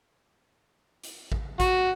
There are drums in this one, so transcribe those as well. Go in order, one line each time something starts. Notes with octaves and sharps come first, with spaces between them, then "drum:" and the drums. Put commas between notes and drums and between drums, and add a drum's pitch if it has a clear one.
drum: hi-hat
drum: kick A1
F#4, drum: kick A1, hi-hat